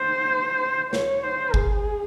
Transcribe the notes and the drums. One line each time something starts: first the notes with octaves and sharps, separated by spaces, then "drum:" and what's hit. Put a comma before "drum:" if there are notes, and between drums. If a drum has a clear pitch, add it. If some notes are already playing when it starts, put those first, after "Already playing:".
Already playing: C5
C#5, drum: snare
C5
G#4, drum: kick G1